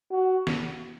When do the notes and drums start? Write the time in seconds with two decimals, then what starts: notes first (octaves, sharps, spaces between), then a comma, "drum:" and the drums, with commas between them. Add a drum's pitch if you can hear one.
0.11 F#4
0.47 drum: snare